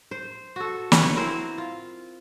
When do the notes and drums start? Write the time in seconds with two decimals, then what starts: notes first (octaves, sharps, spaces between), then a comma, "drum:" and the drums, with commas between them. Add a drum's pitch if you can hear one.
0.11 C5
0.56 F#4 A4
0.92 B4 C#5 F#5, drum: snare
1.17 C4 E4 A#4 C5
1.58 F4